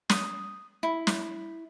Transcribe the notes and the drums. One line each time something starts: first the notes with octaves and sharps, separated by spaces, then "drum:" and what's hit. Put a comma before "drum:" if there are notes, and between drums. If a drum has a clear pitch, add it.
D#6, drum: snare
E4
drum: snare